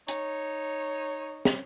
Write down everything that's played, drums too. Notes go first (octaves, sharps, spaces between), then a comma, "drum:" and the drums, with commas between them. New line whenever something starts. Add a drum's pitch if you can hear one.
D#4 C#5, drum: hi-hat
drum: snare